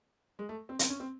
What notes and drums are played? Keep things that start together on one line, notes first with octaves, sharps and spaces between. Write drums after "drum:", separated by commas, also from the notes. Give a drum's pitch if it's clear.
G#3
A3
C4
C4, drum: hi-hat
C#4
C4